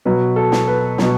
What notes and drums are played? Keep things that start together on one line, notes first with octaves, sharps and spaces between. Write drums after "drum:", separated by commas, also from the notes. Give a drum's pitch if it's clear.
B2 F#3 B4
A4
drum: snare
B4
B2 F#3, drum: snare